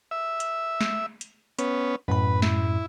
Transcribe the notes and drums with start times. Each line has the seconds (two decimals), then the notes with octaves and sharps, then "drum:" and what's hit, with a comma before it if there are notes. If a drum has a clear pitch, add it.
0.11 E5
0.40 drum: hi-hat
0.81 drum: snare
1.21 drum: hi-hat
1.59 B3 C#4, drum: hi-hat
2.08 F#2 A2 B4 B5
2.42 E4, drum: snare